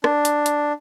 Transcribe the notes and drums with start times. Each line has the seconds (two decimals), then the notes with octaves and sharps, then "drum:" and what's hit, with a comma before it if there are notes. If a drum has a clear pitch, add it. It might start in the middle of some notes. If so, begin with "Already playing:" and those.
0.04 D4, drum: rim click
0.25 drum: hi-hat
0.46 drum: hi-hat